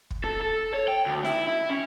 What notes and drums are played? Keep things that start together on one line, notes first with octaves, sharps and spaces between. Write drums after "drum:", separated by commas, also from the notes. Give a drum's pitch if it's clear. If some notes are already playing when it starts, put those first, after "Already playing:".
drum: kick
A4
A4
C#5
G5
D2
E4, drum: snare D#4
E4
C#4